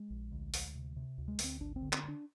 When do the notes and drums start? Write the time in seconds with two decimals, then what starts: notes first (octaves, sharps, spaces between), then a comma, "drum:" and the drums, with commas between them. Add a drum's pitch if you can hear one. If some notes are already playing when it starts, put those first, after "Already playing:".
Already playing: G#3
0.10 A#1
0.32 D2
0.54 D2, drum: open hi-hat
0.75 C3
0.96 C3
1.18 D2
1.28 G#3
1.39 D2, drum: open hi-hat
1.44 C4
1.60 G#1 D4
1.76 C4
1.82 D3
1.93 C4, drum: clap
2.04 G2
2.08 D4